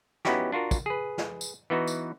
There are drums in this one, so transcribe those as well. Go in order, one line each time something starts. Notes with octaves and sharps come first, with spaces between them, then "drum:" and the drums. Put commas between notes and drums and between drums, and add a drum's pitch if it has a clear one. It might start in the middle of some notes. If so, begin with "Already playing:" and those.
B3 C#4 D#4 E4 F#4 G4, drum: snare
D4 F4 F#4 A#4
drum: kick, tambourine
G#4 B4
drum: snare
drum: tambourine
E3 B3 D#4 F#4
drum: tambourine